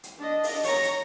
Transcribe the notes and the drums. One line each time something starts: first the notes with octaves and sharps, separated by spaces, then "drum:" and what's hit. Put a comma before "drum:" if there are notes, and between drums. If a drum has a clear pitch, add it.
drum: hi-hat
D4 D#5
drum: open hi-hat
C#5 A#5, drum: open hi-hat
drum: hi-hat